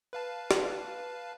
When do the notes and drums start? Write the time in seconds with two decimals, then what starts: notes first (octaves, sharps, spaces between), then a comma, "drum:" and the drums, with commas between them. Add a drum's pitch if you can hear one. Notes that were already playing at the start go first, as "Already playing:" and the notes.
0.13 B4 F5 A5
0.51 drum: snare